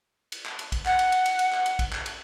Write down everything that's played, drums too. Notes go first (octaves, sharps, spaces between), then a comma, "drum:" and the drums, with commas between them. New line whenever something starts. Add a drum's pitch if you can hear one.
drum: cymbal
drum: clap
drum: cymbal
drum: kick, cymbal
F#5, drum: clap
drum: cymbal
drum: cymbal
drum: cymbal
drum: cymbal
drum: clap
drum: cymbal
drum: kick, cymbal
drum: clap
drum: cymbal